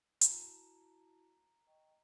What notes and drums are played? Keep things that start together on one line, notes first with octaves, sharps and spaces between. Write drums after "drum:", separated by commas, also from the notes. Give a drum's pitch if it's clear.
E4 F#4 A5 A#5, drum: hi-hat
D#5 G5 C#6